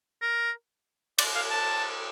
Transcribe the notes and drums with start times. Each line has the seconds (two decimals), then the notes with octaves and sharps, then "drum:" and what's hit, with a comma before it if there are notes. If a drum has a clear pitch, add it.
0.22 A#4
1.18 D5, drum: cymbal
1.35 F5
1.50 A5